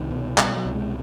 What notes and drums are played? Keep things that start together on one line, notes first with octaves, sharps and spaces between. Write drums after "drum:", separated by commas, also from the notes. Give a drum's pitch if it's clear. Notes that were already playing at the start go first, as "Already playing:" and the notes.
Already playing: C2 D#3
B2
B2 G3, drum: clap
F#3
C2
G#3